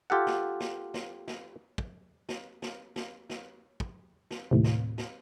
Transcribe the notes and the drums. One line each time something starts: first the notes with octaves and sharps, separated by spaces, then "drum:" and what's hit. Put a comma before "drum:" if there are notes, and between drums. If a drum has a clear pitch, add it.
F4 G4 A4 F#5
drum: snare
drum: snare
drum: snare
drum: snare
drum: kick
drum: snare
drum: snare
drum: snare
drum: snare
drum: kick
drum: snare
D#2 A2 C3
drum: snare
drum: snare